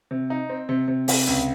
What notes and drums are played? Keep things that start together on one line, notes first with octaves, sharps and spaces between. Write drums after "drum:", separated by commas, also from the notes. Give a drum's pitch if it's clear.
C3
D#4
C4
C3
C3
C3, drum: open hi-hat
C#2